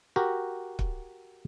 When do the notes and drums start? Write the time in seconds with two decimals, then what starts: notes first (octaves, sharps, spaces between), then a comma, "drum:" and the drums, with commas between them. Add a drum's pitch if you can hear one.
0.16 F#4 G4 A#4
0.79 drum: kick